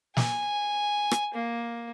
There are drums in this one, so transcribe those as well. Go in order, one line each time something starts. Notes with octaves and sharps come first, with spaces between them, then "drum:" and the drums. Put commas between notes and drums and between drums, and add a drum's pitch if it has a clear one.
G#5, drum: snare
drum: rim click
A#3